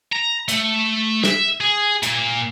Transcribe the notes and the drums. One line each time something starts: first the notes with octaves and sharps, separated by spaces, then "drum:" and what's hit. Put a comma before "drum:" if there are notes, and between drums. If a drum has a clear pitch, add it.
A#5
A3, drum: hi-hat
E5, drum: snare
G#4
A#2, drum: hi-hat